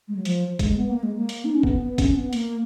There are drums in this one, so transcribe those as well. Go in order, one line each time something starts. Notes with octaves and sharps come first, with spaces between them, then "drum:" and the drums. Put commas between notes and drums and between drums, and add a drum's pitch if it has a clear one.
G#3
F#3
F3, drum: hi-hat
G#3, drum: kick, hi-hat
B3
A#3
G#3
A#3
drum: hi-hat
D#4
C#4
B3, drum: kick
B3
C#4, drum: kick, hi-hat
B3
A#3, drum: hi-hat